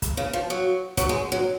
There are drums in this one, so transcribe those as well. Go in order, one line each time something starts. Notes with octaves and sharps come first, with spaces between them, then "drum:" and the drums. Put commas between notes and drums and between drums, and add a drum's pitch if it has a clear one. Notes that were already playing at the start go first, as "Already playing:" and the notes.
drum: kick, hi-hat
C#3
F3
F#3
F#3, drum: kick, hi-hat
G#3
F#3